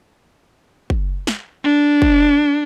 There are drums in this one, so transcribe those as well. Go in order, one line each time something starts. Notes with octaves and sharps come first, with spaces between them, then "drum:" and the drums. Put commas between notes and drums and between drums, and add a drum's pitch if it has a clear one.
drum: kick
drum: snare
D4
drum: kick